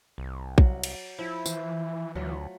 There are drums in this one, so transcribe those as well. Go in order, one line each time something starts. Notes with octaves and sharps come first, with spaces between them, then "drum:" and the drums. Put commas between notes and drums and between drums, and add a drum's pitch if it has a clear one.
C2
F#3, drum: kick A#1
drum: cymbal
F3 E4
E3 C5, drum: tambourine
D2 F#3 A3 F4